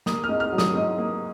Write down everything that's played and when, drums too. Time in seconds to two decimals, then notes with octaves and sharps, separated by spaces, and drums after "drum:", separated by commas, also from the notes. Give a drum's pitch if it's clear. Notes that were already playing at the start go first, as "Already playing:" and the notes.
0.06 A#3 D#6, drum: snare
0.24 F6
0.29 G#2
0.40 F6
0.52 F#3
0.58 D#6, drum: snare
0.75 G#2
0.98 A#3